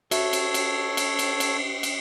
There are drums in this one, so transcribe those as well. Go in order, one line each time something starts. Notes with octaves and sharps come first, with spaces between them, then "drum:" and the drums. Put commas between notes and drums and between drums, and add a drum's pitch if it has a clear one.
F#4 A4 C#5 E5, drum: cymbal
drum: cymbal
drum: cymbal
drum: cymbal
drum: cymbal
drum: cymbal
drum: cymbal